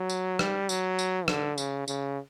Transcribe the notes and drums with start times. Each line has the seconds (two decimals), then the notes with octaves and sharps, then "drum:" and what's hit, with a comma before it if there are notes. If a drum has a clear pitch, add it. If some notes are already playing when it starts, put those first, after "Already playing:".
Already playing: F#3
0.10 drum: tambourine
0.39 G3, drum: rim click
0.69 F#3, drum: tambourine
0.99 drum: tambourine
1.28 D3, drum: rim click
1.58 C#3, drum: tambourine
1.88 C#3, drum: tambourine